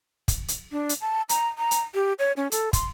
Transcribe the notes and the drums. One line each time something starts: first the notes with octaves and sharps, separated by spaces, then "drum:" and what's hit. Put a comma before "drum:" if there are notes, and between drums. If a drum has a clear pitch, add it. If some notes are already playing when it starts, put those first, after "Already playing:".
drum: kick, hi-hat
drum: hi-hat
D4
drum: hi-hat
A5
A#5, drum: hi-hat
A#5
drum: hi-hat
G4
C#5
C#4
A4, drum: hi-hat
C6, drum: kick, hi-hat